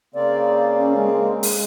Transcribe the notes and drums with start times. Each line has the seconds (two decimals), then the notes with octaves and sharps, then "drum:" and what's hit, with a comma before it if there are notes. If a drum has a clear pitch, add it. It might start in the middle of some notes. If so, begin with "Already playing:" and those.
0.14 C#3 A#3 C4 D5
0.78 C#4
0.96 G#3
1.43 G#4, drum: open hi-hat